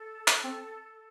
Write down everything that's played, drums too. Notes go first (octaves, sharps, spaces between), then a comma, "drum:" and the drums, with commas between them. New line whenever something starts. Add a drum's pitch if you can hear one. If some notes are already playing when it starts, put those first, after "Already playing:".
Already playing: A4
drum: clap
C4